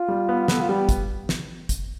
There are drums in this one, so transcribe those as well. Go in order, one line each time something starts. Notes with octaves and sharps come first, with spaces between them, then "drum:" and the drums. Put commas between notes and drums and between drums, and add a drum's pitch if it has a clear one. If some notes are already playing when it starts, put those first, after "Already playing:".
Already playing: F4
G3
B3
B3 A4, drum: snare
F4
G3 G4
drum: kick, hi-hat
drum: snare
drum: kick, hi-hat